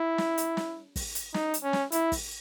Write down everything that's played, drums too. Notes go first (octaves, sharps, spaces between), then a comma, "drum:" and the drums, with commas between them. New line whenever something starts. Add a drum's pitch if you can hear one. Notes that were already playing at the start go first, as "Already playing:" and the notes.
Already playing: E4
drum: snare
drum: hi-hat
drum: snare
drum: kick, open hi-hat
drum: hi-hat
D#4, drum: snare
drum: hi-hat
C#4
drum: snare
E4, drum: hi-hat
drum: kick, open hi-hat